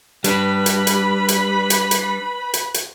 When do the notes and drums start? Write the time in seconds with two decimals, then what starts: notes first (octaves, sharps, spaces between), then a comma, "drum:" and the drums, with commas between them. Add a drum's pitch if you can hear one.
0.24 G3 D4 B4 B5, drum: hi-hat
0.66 drum: hi-hat
0.87 drum: hi-hat
1.28 drum: hi-hat
1.70 drum: hi-hat
1.91 drum: hi-hat
2.54 drum: hi-hat
2.74 drum: hi-hat